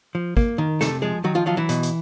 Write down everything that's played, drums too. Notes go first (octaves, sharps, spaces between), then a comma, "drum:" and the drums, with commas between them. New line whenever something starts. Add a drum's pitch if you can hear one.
F3
A#3, drum: kick
D#3
C3 A3 A4, drum: snare
F3 G#3 G#4
D#3 F#3 F#4
F3 F4
F3 F#3 F4
E3 E4
B2, drum: hi-hat
drum: hi-hat